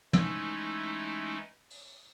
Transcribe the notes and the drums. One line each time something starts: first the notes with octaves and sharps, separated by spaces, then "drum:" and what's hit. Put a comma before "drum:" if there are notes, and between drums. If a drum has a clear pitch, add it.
E3 G#3 A3 C#4 D#4 E4, drum: tom
drum: open hi-hat